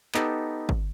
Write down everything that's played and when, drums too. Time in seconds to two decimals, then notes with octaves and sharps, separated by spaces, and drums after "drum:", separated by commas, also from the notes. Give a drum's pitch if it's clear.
0.14 B3 D#4 G4 A4, drum: clap
0.69 drum: kick